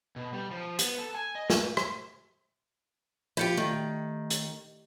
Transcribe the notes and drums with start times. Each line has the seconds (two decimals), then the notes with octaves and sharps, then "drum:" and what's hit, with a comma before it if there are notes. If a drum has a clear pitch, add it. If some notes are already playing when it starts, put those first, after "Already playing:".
0.16 B2
0.33 G3
0.51 F3
0.79 B3, drum: hi-hat
0.98 A4
1.15 G#5
1.35 D#5
1.50 B4, drum: snare
1.77 drum: rim click
3.37 F3 E4 F4 G4 G6 C#7
3.57 D#3 A3
4.30 drum: hi-hat